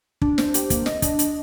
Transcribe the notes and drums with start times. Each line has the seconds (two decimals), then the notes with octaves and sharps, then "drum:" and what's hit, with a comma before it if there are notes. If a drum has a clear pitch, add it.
0.22 D4, drum: kick
0.38 C5, drum: snare
0.54 G4, drum: hi-hat
0.70 A#3, drum: kick, hi-hat
0.86 D#5, drum: snare
1.02 D4, drum: kick, hi-hat
1.19 D4, drum: hi-hat